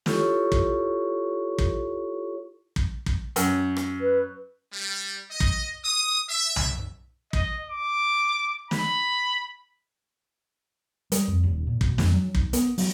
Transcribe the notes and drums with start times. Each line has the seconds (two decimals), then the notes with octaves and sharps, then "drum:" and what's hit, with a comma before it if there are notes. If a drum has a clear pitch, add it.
0.06 E4 F4 G4 A4 C#5 C#6, drum: snare
0.52 drum: kick
1.58 drum: kick
2.76 drum: kick
3.06 drum: kick
3.36 F#2, drum: hi-hat
3.77 drum: rim click
4.01 B4
4.73 G3
5.31 D#5
5.40 drum: kick
5.85 D#6
6.30 E5
6.56 drum: tom B1
7.33 D#5, drum: kick
7.68 D6
8.71 B5, drum: snare
11.12 G3, drum: hi-hat
11.28 F2
11.43 D#1
11.67 A#2
11.81 B2, drum: kick
11.98 F2, drum: snare
12.13 F#3
12.35 B1, drum: kick
12.53 B3, drum: hi-hat
12.78 F#3, drum: open hi-hat